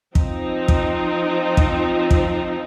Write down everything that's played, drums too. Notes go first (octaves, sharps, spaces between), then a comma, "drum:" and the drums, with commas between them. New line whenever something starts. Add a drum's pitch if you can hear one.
F3 C4 D#4, drum: kick
drum: kick
drum: kick
drum: kick